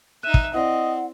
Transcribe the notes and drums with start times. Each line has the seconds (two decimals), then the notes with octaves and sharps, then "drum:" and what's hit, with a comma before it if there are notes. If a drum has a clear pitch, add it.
0.23 D#4 E5 F#6 D#7 E7
0.34 drum: kick
0.54 C4 E4 D5 D#5 F#5